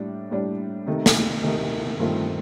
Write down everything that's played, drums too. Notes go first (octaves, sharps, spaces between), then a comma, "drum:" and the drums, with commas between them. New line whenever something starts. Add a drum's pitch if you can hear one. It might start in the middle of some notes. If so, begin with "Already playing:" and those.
Already playing: A2 G3 D4
A2 G3 D4
C3 D#3 A3 D#4
drum: snare
C3 D#3 A3 D#4
G2 D#3 A3 C4 F4